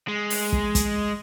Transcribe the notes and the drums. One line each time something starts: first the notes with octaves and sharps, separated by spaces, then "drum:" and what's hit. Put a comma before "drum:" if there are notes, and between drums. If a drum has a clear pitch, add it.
G#3
drum: open hi-hat
drum: kick
drum: kick, hi-hat